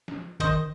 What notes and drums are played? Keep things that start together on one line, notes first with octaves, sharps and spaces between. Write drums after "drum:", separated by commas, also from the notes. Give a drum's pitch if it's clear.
drum: snare
D#3 C5 D#5, drum: kick G1